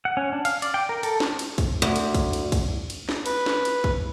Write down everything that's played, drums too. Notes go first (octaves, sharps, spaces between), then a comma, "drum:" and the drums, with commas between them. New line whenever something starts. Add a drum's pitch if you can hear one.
F#5
C#4
D4
F5, drum: cymbal
D5, drum: cymbal
G5
A#4
A4, drum: cymbal
drum: snare
drum: cymbal
drum: kick, cymbal
D2
drum: cymbal
drum: kick, cymbal
drum: cymbal
drum: kick, cymbal
drum: cymbal
drum: snare
B4, drum: cymbal
drum: snare
drum: cymbal
drum: kick